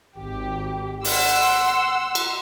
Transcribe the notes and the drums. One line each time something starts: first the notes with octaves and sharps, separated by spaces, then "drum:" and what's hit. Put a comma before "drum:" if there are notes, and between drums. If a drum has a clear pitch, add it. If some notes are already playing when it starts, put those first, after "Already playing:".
G#1 G4
F#5 C6 E6, drum: open hi-hat
drum: cymbal